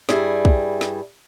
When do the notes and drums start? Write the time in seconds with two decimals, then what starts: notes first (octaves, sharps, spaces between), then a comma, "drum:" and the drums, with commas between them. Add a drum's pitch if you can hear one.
0.09 G2 G3 E4 G#4, drum: snare
0.45 drum: kick
0.81 drum: snare